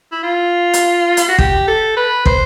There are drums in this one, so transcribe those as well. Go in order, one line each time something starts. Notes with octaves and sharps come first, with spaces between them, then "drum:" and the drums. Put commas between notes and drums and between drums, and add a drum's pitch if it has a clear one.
E4
F4
drum: hi-hat
drum: hi-hat
F#4
G4, drum: kick
A4
B4
C5, drum: kick